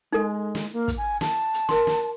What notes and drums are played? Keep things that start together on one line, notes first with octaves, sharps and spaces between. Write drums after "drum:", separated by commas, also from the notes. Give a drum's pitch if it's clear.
G#3 D#4 A4
drum: snare
A#3
drum: kick, hi-hat
G#5
A5, drum: snare
drum: hi-hat
A#4 C6, drum: snare
drum: snare